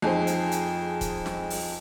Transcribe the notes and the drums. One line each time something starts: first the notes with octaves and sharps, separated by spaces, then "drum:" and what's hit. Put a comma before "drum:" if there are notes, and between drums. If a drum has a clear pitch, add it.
F2 D#4 G#4 C5
drum: hi-hat
drum: hi-hat
drum: kick, hi-hat
drum: snare
drum: open hi-hat